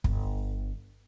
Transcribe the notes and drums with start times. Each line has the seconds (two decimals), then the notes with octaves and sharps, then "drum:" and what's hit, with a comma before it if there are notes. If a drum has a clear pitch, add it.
0.04 G1, drum: kick